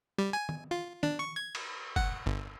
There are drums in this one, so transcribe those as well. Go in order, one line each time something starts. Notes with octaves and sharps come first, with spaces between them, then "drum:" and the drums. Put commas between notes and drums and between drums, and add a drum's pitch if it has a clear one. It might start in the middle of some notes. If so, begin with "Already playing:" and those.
G3
G#5
drum: tom
F4
D4, drum: tom
C#6
G#6
drum: cymbal
F#5, drum: kick
G1